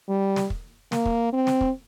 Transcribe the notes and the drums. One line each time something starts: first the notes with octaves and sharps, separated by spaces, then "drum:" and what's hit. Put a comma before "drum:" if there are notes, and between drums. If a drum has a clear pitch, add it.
G3
drum: snare
drum: kick
A#3, drum: snare
drum: kick
C4
drum: snare
drum: kick